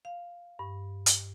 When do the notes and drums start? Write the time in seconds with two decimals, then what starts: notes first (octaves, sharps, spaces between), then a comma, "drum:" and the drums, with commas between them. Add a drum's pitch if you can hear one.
0.05 F5
0.59 G2
1.06 drum: hi-hat